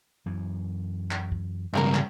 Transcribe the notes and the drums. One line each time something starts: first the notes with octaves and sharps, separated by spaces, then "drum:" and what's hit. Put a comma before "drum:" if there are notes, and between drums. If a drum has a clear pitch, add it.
F#2 E3
drum: clap
drum: kick
C#2 G2 G3 A#3 A#4
drum: clap